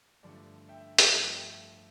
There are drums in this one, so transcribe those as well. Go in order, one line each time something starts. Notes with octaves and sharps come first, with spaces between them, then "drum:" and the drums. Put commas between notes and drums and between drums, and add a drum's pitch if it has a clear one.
G2 D3 F3 A3 D5
E5 G5
drum: hi-hat
G2 F3 A3
E5 G5